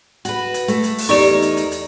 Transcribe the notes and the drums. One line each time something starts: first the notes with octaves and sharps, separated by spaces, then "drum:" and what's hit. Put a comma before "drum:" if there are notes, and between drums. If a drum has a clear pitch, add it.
F#4 B4, drum: hi-hat
drum: hi-hat
A3, drum: hi-hat
drum: hi-hat
drum: open hi-hat
E2 D#4 G4 A#4 D5 C#6
drum: hi-hat
drum: hi-hat
drum: hi-hat